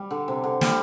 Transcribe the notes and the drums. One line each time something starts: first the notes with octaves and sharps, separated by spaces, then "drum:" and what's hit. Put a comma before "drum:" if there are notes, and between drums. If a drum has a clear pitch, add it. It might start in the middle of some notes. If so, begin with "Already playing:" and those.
Already playing: G3
D3
C3
D3
G3, drum: snare